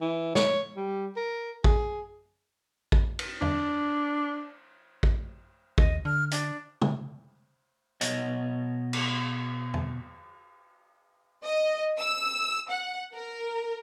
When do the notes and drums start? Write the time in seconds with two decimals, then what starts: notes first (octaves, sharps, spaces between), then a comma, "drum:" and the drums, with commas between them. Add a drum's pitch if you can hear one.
0.01 E3
0.35 C#5, drum: snare
0.76 G3
1.17 A#4
1.64 G#4, drum: kick A1
2.92 drum: kick A1
3.19 drum: cymbal
3.42 D4, drum: tom E2
5.03 drum: kick A1
5.78 D#2 D#5, drum: kick A1
6.05 D3 F6
6.31 D4, drum: hi-hat
6.82 drum: tom
8.01 B2 C#5 D#5, drum: hi-hat
8.93 drum: cymbal
9.74 drum: tom E2
11.44 D#5
11.98 E6
12.69 F#5
13.14 A#4